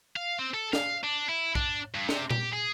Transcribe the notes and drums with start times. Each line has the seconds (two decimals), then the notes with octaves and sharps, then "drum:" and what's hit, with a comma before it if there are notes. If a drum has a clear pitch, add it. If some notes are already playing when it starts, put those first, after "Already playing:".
0.16 F5
0.39 C4
0.54 A4
0.73 F5, drum: snare
1.04 D4
1.29 E4
1.55 D4, drum: kick
1.95 G2
2.09 C3, drum: snare
2.31 G4, drum: tom A#2
2.53 G#4